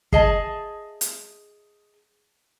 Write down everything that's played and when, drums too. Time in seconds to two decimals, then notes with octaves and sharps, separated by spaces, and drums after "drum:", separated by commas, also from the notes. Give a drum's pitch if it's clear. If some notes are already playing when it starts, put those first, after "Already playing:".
0.13 G#4 D#5 A5, drum: kick
1.01 drum: hi-hat